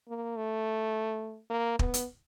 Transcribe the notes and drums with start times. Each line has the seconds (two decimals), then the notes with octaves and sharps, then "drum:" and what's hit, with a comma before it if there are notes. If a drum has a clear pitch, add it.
0.08 A#3
0.36 A3
1.50 A#3
1.79 B3, drum: kick
1.94 drum: hi-hat